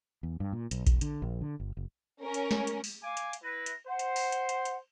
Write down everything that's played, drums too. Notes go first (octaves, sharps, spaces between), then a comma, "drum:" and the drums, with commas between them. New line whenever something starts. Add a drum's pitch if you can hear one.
E2
G2
A#2
B1, drum: hi-hat
E1, drum: kick A#1, hi-hat
D3, drum: hi-hat
A#1
D3
G1
F#1
C#4 A#4
drum: hi-hat
drum: snare
drum: hi-hat
drum: open hi-hat
F5 G#5 D6
drum: hi-hat
drum: hi-hat
E4 B4 A#6
drum: hi-hat
C5 F#5
drum: hi-hat
drum: open hi-hat
drum: hi-hat
drum: hi-hat
drum: hi-hat